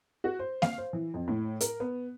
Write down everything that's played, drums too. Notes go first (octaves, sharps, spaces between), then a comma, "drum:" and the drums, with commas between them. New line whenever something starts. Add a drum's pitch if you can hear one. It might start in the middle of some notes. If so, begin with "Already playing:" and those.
F#4
C5
F5, drum: snare A#3
C5
E3
F2
A2
A#4, drum: hi-hat
B3